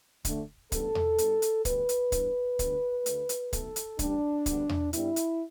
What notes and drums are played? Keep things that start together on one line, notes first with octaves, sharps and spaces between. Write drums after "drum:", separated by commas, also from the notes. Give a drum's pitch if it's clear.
D2 D3 A3, drum: kick, hi-hat
A1 G2 G3 B3 A4, drum: kick, hi-hat
drum: tom E2
G2 G3 B3, drum: hi-hat
drum: hi-hat
D2 D3 G3 B3 B4, drum: kick, hi-hat
drum: hi-hat
G2 E3 B3, drum: kick, hi-hat
D2 D3 G3 B3, drum: kick, hi-hat
D2 D3 A3, drum: hi-hat
drum: hi-hat
B1 B2 A3 A4, drum: kick, hi-hat
drum: hi-hat
A1 G2 G3 D4, drum: kick, hi-hat
D2 D3 G3 B3, drum: kick, hi-hat
drum: tom E2
G2 G3 B3 E4, drum: hi-hat
drum: hi-hat